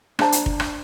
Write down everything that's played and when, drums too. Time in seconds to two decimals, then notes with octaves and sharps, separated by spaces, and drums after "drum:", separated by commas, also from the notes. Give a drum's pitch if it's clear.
0.19 D4 C5 A5 A#5, drum: rim click
0.32 drum: hi-hat
0.46 drum: kick
0.60 drum: rim click